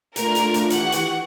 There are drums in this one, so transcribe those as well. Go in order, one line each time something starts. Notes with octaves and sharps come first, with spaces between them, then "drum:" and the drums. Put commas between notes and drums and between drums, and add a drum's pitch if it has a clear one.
A3 D4 F4 A#4, drum: hi-hat
drum: hi-hat
drum: hi-hat
E3 G4 F#5 C#6, drum: hi-hat
drum: hi-hat